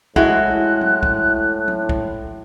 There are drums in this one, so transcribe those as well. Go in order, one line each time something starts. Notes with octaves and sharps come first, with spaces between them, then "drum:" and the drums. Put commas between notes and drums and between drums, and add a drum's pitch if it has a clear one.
A2 G#3 E4 F#4 F#6, drum: kick
drum: tom
drum: kick
drum: tom
drum: kick